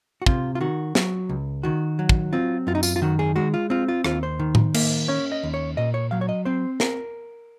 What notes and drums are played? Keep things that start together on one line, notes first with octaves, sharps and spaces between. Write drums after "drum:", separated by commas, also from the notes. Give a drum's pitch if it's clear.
F#4
C3 F4, drum: kick
F4
D#3 F#4
F#3, drum: snare
C#2
D#3 F#4
F#3
drum: kick
C4 F4
F#2 F4
D#4
F4, drum: tambourine
F4
D#3 F#4
G#4
G#3 F#4
F4
C4 F4
F4
D#2 F4, drum: rim click
C5
D#3
drum: tom A2
A#3, drum: cymbal
C#4 C#5
D#5
D#2
C#5
A#2 D#5
C#5
F#3 F5
C#5
D#5
C4 C5
A#4, drum: snare